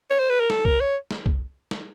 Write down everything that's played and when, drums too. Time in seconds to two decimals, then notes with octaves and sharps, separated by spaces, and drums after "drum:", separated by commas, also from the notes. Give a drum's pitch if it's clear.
0.10 C#5
0.19 C5
0.29 B4
0.40 A#4
0.50 A4, drum: snare
0.65 A#4, drum: kick C2
0.80 C#5
1.11 drum: snare
1.26 drum: kick C2
1.71 drum: snare